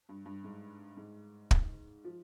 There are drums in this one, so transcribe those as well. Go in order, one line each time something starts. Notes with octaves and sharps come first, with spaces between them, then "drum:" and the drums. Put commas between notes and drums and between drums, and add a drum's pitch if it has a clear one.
G2
G2
G#2
G#2
drum: kick
F3